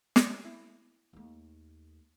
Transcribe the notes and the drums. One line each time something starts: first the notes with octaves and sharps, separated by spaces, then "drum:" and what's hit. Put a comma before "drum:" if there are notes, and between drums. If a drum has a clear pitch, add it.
drum: snare
E4
D#2 A3